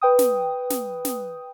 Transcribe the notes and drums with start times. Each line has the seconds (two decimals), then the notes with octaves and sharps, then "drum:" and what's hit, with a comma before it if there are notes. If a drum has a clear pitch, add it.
0.01 B4 G5 D#6
0.19 drum: snare
0.70 drum: snare
1.05 drum: snare